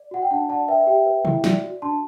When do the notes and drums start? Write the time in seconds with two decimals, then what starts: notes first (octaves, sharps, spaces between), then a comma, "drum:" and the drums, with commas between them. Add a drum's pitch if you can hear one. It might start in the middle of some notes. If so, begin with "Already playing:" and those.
Already playing: D5
0.11 F#4 F#5
0.22 G5
0.31 D4 F#5 A5
0.49 D5 F#5 A5
0.68 B4 E5 G5
0.87 G4 E5 G5
1.06 B4
1.25 E4, drum: tom C3
1.44 D5, drum: snare
1.63 F#4
1.82 D4 A5 C6